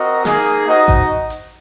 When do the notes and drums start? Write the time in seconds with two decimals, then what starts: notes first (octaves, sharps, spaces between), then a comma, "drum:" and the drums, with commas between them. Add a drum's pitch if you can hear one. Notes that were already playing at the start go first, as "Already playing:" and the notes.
Already playing: C4 F#4 A#4 D#5
0.25 A#3 D#4 G#4, drum: snare
0.46 drum: hi-hat
0.67 D#4 F#4 C5 D#5
0.88 drum: kick A1, hi-hat
1.30 drum: hi-hat